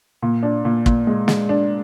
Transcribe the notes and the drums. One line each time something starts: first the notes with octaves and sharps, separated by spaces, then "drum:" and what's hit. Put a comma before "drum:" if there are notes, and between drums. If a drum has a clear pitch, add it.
A#2
D4
A#2
A#2, drum: kick
G#3
G#3, drum: snare
D4